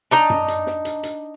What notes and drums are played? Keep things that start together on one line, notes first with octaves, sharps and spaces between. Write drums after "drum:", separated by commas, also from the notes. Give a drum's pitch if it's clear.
D4 D#4 A#5
drum: tom F#2
drum: hi-hat
drum: snare
drum: hi-hat
drum: hi-hat